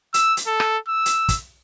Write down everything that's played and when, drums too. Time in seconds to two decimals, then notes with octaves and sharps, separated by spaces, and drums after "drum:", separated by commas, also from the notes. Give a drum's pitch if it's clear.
0.14 E6, drum: hi-hat
0.37 drum: hi-hat
0.47 A4
0.60 drum: rim click
0.89 E6
1.06 drum: hi-hat
1.29 drum: kick, hi-hat